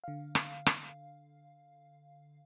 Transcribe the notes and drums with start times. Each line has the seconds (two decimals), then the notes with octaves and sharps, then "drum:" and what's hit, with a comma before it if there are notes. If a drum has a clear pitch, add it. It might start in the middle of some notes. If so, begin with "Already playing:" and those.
0.04 D3 F5
0.35 drum: rim click
0.66 drum: rim click